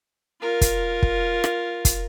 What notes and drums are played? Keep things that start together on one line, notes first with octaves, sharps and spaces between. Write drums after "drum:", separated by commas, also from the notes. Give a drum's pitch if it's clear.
F4 A#4
drum: kick, hi-hat
drum: kick
drum: rim click
drum: kick, hi-hat